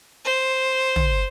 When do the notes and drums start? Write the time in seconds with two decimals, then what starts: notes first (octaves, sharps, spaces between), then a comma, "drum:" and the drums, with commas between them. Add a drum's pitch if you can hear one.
0.25 C5
0.96 drum: tom